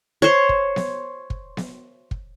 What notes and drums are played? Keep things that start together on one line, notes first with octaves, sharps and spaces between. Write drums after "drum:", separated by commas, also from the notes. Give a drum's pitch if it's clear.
C5 C#5
drum: kick
drum: snare B3
drum: kick
drum: snare B3
drum: kick